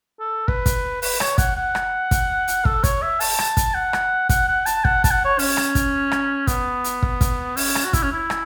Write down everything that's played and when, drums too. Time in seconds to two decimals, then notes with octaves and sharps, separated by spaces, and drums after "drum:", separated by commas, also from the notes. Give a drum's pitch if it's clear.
0.20 A4
0.48 B4, drum: kick
0.66 drum: kick, hi-hat
1.02 B4, drum: open hi-hat
1.20 C#5, drum: rim click
1.38 F#5, drum: kick, hi-hat
1.56 F#5
1.75 drum: rim click
2.11 drum: kick, hi-hat
2.48 drum: hi-hat
2.65 A4, drum: kick
2.84 C#5, drum: kick, hi-hat
3.02 E5
3.20 A5, drum: open hi-hat
3.39 drum: rim click
3.57 drum: kick, hi-hat
3.74 F#5
3.93 drum: rim click
4.29 F#5, drum: kick, hi-hat
4.48 F#5
4.66 A5, drum: hi-hat
4.85 F#5, drum: kick
5.04 A5, drum: kick, hi-hat
5.11 F#5
5.25 C#5
5.39 C#4, drum: open hi-hat
5.57 drum: rim click
5.75 drum: kick, hi-hat
6.12 drum: rim click
6.47 B3, drum: kick, hi-hat
6.84 drum: hi-hat
7.02 drum: kick
7.21 drum: kick, hi-hat
7.57 C#4, drum: open hi-hat
7.75 drum: rim click
7.85 F#4
7.93 E4, drum: kick, hi-hat
8.03 C#4
8.12 E4
8.30 drum: rim click